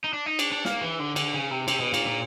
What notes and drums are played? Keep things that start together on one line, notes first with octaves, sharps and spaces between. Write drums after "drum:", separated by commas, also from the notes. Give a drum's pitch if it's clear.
D#4
D4
D#4
D4, drum: cymbal
D4
A#3, drum: snare
E3
D3
D3, drum: cymbal
C#3
C3
C3, drum: cymbal
B2
A#2, drum: cymbal
A#2